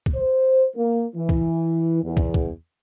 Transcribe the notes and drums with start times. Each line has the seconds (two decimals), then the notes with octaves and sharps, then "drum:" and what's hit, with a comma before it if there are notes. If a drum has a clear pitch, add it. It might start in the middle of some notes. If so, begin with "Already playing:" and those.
0.06 drum: kick
0.16 C5
0.76 A#3
1.16 E3
1.29 drum: kick
2.03 E2
2.17 drum: kick
2.34 drum: kick